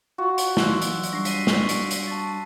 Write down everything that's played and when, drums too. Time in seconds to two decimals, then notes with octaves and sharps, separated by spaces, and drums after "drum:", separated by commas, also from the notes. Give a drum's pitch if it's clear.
0.18 F4 F#4
0.38 drum: hi-hat
0.57 E3 F#3 C6 E6 F#6, drum: snare
0.82 drum: hi-hat
1.03 drum: hi-hat
1.13 G3 D4 C#6 A#6 C7
1.25 B6 C7 D#7, drum: hi-hat
1.47 drum: snare
1.69 drum: hi-hat
1.91 drum: hi-hat
2.07 A5 A6